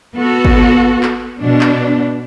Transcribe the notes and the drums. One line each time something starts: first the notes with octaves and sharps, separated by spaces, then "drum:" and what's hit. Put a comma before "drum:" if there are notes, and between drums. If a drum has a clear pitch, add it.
B3 F#4 A4
drum: kick
drum: clap
B2 D4
drum: clap